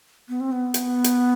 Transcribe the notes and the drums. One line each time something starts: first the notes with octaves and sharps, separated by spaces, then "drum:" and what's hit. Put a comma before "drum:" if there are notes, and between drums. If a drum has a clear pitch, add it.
B3
C4
B3
drum: hi-hat
drum: hi-hat